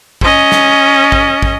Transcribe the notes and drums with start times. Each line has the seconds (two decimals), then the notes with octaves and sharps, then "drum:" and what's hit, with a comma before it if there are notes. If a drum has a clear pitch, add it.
0.21 C#4 D#5, drum: kick
0.52 drum: snare
1.12 drum: kick
1.42 drum: kick